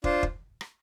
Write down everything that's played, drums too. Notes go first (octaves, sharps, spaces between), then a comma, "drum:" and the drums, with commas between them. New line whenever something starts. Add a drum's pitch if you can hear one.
D4 F4 C5, drum: kick
drum: kick
drum: rim click